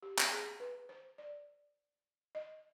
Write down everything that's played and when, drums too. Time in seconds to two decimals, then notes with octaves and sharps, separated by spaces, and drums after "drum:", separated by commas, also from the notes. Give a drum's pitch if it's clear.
0.03 G4
0.19 drum: clap
0.31 G#4
0.60 B4
0.89 C5
1.18 D5
2.35 D#5